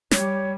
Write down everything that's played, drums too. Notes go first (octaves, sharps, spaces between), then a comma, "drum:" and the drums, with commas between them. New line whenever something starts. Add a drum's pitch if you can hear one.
G3 C#5, drum: snare